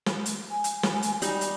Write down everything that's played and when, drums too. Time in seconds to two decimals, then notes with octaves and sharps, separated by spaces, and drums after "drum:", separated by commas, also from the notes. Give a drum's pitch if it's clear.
0.06 drum: snare
0.26 drum: hi-hat
0.50 G#5
0.64 drum: hi-hat
0.83 drum: snare
1.03 drum: hi-hat
1.22 G3 D#4, drum: hi-hat
1.41 drum: hi-hat